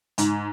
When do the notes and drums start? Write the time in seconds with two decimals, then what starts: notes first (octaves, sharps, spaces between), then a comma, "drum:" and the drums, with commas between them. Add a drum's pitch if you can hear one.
0.18 G#2, drum: hi-hat